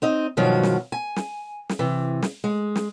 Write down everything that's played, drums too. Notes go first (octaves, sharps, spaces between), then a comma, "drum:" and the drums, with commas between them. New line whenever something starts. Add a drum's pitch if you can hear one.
C4 D#4 D#5
G2 B2 D#3 F3 F#3
drum: snare
G#5
drum: snare
drum: snare
C3 E3
drum: snare
G#3
drum: snare